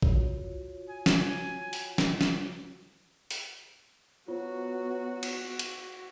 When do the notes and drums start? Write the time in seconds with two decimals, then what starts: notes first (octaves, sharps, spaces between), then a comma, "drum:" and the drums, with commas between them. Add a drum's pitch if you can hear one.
0.02 F4 F#4 C#5, drum: kick
0.90 G#5
1.06 drum: snare
1.73 drum: open hi-hat
1.98 drum: snare
2.21 drum: snare
3.31 drum: open hi-hat
4.28 F#3 B3 F4 F#4 C5
5.23 drum: cymbal
5.59 drum: hi-hat